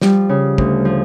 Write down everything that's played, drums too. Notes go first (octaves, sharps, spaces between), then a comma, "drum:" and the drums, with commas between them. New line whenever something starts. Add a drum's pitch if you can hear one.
F3 G3, drum: snare
C#3
D2, drum: kick
F3